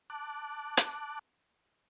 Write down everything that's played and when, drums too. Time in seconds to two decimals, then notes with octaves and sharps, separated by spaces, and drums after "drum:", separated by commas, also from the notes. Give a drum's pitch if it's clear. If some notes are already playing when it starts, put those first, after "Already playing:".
0.10 A5 D6 F#6
0.77 drum: hi-hat